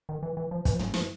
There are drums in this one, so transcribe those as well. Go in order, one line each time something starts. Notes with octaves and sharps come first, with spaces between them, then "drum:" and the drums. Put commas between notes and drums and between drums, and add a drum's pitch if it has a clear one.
D#3
E3
E3
F3
E3, drum: kick, hi-hat
F3
F#3, drum: tom
F3, drum: snare